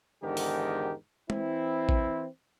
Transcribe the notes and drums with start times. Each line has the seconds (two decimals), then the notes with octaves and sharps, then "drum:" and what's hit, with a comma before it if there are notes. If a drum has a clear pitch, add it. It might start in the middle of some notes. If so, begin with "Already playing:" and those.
0.23 E2 G#2 D3 D#3 G4 A#4
0.37 drum: open hi-hat
1.30 E3 C4 E4, drum: tom G#3
1.89 drum: kick A1